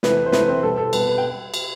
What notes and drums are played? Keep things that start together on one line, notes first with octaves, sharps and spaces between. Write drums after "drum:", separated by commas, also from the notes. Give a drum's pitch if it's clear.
E2 C3 E3 A3 B4, drum: snare
C5
E2 C3 E3 A3 B4, drum: snare
C4 C5
B2 G3 B3 A4
A4
B2 G3 B3 B4, drum: cymbal
B4
G5
drum: cymbal